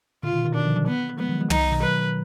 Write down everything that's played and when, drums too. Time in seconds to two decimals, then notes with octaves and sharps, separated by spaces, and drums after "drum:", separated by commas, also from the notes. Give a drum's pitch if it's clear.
0.23 A#2 D3 F4
0.33 B2 D#3
0.44 B2 D#3
0.54 B2 D#3 D4
0.66 D3 F3
0.76 D#3 F#3
0.87 B3
1.18 F3 G#3 B3
1.29 D#3 F#3
1.40 F3 G#3
1.50 D#3 F#3 D#4, drum: tom
1.71 B2 D#3
1.82 D#3 F#3 B4